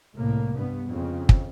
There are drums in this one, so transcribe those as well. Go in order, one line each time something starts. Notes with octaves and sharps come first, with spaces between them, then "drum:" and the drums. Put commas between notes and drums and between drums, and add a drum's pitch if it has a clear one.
C2 A2 A#3
G2 B3
F2 C#3 C4
drum: kick